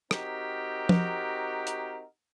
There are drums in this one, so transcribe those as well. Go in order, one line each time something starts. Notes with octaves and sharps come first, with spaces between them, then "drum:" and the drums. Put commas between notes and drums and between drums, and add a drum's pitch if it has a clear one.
C4 D#4 F#4 G4 A#4, drum: rim click
drum: tom
drum: hi-hat